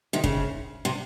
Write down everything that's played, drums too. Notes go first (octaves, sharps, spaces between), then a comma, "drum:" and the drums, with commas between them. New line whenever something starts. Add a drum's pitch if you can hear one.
C3 D#3
C#3, drum: kick
C3